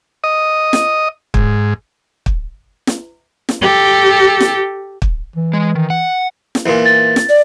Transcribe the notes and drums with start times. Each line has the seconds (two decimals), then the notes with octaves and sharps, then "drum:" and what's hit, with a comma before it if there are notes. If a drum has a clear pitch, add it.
0.24 D#5
0.73 drum: snare
1.34 G#2, drum: kick
2.26 drum: kick
2.87 drum: snare
3.49 drum: snare
3.62 G4 A4
4.40 drum: snare
5.02 drum: kick
5.36 E3
5.53 G#3
5.75 D#3
5.90 F#5
6.55 drum: snare
6.66 E2 A#2
6.85 A6
7.16 drum: snare
7.29 D5